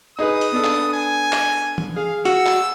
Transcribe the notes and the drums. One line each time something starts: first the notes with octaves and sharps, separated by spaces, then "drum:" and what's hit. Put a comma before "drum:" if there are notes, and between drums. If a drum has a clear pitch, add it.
D#4 G#4 B4 D#6
drum: hi-hat
B3 D4 A4
drum: clap
G#5
drum: clap
drum: tom
G#4 F5
F#4 E6, drum: hi-hat
drum: clap